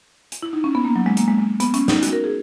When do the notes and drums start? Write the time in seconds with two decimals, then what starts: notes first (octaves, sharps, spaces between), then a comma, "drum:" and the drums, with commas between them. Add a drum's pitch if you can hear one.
0.32 drum: hi-hat
0.42 E4
0.53 D#4
0.64 C#4
0.75 B3
0.85 A#3
0.96 F#3
1.06 G#3
1.17 A#3, drum: hi-hat
1.28 G#3
1.38 G#3
1.60 B3, drum: hi-hat
1.74 C#4, drum: hi-hat
1.88 D#4, drum: snare
2.03 F#4, drum: hi-hat
2.13 A#4
2.24 G#4